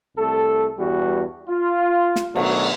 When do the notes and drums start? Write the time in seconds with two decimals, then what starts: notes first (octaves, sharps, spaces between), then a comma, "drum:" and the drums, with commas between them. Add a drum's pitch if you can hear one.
0.17 C2 A3 A4
0.78 E2 G2 G3 F#4
1.49 F4
2.16 drum: snare
2.36 B2 D#3 F#3 A3 D4, drum: cymbal